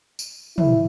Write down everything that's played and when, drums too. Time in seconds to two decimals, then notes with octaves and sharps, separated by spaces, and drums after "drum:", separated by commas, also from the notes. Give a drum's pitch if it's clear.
0.19 drum: tambourine
0.58 E4, drum: tom